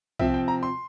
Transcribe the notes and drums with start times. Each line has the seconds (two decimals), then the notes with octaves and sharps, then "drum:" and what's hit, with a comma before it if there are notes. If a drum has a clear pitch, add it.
0.19 C3 F3 C4 E5, drum: kick B1
0.34 G5
0.48 A#5
0.63 C6